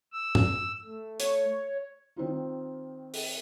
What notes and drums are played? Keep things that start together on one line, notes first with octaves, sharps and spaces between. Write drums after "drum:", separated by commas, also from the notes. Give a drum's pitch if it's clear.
E6
drum: tom G#2
A3
C#5, drum: hi-hat
D#3 C4 D#4 F4
drum: open hi-hat